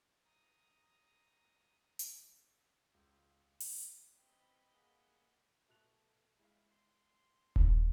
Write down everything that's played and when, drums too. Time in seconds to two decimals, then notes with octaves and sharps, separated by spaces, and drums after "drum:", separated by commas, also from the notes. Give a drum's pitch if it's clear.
0.24 A#5 D#6
1.99 drum: hi-hat
2.94 C#2
3.60 drum: open hi-hat
4.18 C4 B4 D#5 B5
4.73 A#3 G#4 F#5
5.69 B2 A3 F#6 F7
6.39 G#3 E4 F5
6.71 C6
7.56 drum: kick D#1